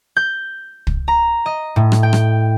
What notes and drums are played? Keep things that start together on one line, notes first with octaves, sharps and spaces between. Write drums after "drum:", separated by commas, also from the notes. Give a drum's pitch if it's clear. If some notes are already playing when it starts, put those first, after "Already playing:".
G6
drum: kick
A#5
D#5
A2
drum: rim click
G5
drum: rim click